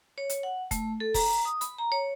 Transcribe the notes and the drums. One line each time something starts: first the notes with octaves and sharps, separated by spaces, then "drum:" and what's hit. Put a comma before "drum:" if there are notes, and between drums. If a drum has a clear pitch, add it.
C#5
drum: hi-hat
F#5
A3, drum: kick F1, hi-hat
A4
A#5, drum: kick F1, open hi-hat
D#6
B5, drum: hi-hat
A#5
C#5